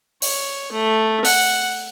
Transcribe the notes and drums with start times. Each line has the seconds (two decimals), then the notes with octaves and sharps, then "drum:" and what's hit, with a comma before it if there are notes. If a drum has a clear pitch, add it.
0.22 C#5, drum: open hi-hat
0.72 A3
1.25 F#5, drum: open hi-hat